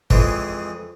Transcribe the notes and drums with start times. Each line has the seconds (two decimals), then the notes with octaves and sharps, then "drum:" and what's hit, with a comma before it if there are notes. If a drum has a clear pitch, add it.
0.10 F2 C#3 E3 G#3, drum: kick